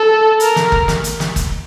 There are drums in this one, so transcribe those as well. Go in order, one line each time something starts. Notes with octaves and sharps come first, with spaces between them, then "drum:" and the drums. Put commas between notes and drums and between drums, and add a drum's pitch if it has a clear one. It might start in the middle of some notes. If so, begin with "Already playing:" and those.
Already playing: A4
A#4, drum: hi-hat
drum: snare
drum: kick
drum: snare
drum: hi-hat
drum: snare
drum: kick, hi-hat